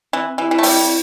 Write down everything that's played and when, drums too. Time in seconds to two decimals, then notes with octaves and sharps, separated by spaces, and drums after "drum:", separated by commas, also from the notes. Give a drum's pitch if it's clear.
0.13 E3 C4
0.37 E3 E4 G4
0.51 E3
0.58 A3
0.63 G3 C4, drum: open hi-hat